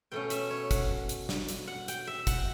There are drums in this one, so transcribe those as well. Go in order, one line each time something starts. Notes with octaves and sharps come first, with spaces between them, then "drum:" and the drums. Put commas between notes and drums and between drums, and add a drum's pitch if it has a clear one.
B2 A3 C#4 G5
E5, drum: hi-hat
C#5
F#5, drum: kick, hi-hat
drum: hi-hat
drum: snare
drum: hi-hat
F#5
G5, drum: hi-hat
E5
F#5, drum: kick, hi-hat